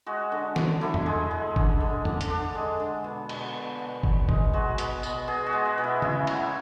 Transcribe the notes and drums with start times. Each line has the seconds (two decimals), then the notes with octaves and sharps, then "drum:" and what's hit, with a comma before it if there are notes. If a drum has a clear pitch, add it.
0.06 G#3 F#4
0.32 D3
0.56 D3, drum: snare
0.81 D3 E4
0.94 drum: tom E2
1.06 G#3
1.31 G#3
1.56 D3, drum: kick G1
1.80 D3
2.05 D3, drum: tom E2
2.21 drum: hi-hat
2.30 D3 D4
2.55 G#3
2.80 D3
3.04 B2
3.29 B2, drum: cymbal
3.54 B2
3.79 B2
4.03 B2, drum: kick G1
4.29 G#3, drum: kick G1
4.53 G#3 F#4
4.78 B2, drum: hi-hat
5.03 B2, drum: tambourine
5.28 B2 G#4
5.46 F#4
5.53 G#3
5.65 F#4
5.78 B2
5.84 E4
6.02 C#3 E4, drum: tom C#3
6.27 F#3, drum: cymbal